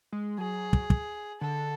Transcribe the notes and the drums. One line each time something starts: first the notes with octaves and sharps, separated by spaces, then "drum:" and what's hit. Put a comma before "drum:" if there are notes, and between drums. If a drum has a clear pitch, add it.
G#3
F#3 G#4
drum: kick
drum: kick
D3 A4